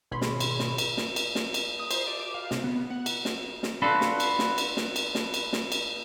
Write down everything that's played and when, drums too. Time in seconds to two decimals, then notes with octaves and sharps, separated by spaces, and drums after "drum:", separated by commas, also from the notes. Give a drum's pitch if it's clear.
0.11 G#1 B2 G#4 C#5 B5 C6
0.21 drum: snare
0.40 drum: cymbal
0.59 drum: snare
0.78 drum: cymbal
0.97 drum: snare
1.16 drum: cymbal
1.35 drum: snare
1.54 drum: cymbal
1.79 D#6
1.91 C5, drum: cymbal
2.07 D5
2.20 D6
2.34 F5
2.51 C3, drum: snare
2.64 B3
2.90 F#5
3.06 drum: cymbal
3.25 drum: snare
3.63 drum: snare
3.82 B3 D4 F4 F#4 A4 B4
4.01 drum: snare
4.20 drum: cymbal
4.39 drum: snare
4.58 drum: cymbal
4.77 drum: snare
4.96 drum: cymbal
5.15 drum: snare
5.34 drum: cymbal
5.53 drum: snare
5.72 drum: cymbal